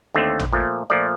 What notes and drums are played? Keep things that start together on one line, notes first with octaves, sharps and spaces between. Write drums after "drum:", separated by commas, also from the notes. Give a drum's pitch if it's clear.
D#2 D3 A3 C4
drum: tom A1
A#2 F3 A3
A#2 F3 A3 D5